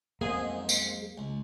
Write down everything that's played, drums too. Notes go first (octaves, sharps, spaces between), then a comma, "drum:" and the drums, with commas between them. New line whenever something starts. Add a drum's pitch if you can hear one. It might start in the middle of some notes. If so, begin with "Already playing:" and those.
B1 F2 G#2 A#3 G#4
drum: tambourine
C#2